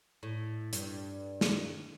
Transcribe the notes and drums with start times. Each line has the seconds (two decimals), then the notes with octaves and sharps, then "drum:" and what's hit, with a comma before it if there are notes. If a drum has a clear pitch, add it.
0.23 A2
0.73 G2, drum: hi-hat
1.41 drum: snare